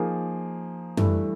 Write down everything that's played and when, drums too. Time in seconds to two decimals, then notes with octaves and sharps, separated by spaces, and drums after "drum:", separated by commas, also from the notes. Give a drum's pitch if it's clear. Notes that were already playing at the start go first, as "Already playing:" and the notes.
Already playing: F3 A#3 D#4 G#4
0.97 G2 E3 A3, drum: tom F#2